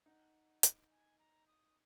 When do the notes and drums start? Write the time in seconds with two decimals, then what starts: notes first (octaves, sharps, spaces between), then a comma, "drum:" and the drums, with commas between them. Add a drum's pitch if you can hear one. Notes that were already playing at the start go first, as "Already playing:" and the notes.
0.06 D#4 F#5
0.63 drum: hi-hat
0.90 G#5
1.19 A#5
1.47 D#6